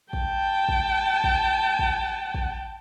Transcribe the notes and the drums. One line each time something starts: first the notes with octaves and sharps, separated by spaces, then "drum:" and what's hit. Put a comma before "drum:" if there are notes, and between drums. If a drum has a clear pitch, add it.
G5 A5, drum: kick
drum: kick
drum: kick
drum: kick
drum: kick